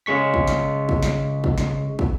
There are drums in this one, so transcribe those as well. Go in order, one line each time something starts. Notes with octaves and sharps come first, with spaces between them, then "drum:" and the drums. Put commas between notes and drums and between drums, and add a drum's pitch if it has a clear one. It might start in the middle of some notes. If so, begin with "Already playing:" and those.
C#3 G#3 C#6 B6
drum: kick
drum: snare
drum: kick
drum: snare
drum: kick
drum: snare
drum: kick